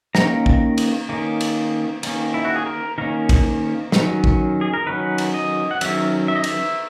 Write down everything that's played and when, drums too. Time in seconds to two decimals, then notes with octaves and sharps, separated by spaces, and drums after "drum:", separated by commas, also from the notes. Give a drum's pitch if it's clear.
0.15 D#3 A#3 C#4 A#5, drum: snare
0.46 drum: kick
0.78 drum: cymbal
1.09 D#3 A#3 C#4
1.40 drum: cymbal
2.03 D#3 A#3 C#4, drum: cymbal
2.34 E4
2.45 F#4
2.56 G#4
2.66 A#4
2.98 D#3 A#3 C#4 A#4
3.29 drum: kick, cymbal
3.92 D#3 F#3 C#4, drum: snare
4.24 drum: kick
4.61 G#4
4.74 A#4
4.86 D#3 F#3 C#4 B4
5.18 drum: cymbal
5.34 D#5
5.71 F#5
5.81 D#3 F#3 C#4 E5, drum: cymbal
6.28 E5
6.36 D#5
6.44 E5, drum: cymbal